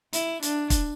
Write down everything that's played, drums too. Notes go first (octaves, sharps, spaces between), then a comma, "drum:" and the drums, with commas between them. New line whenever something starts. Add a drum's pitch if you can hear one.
E4, drum: hi-hat
D4, drum: hi-hat
drum: kick, hi-hat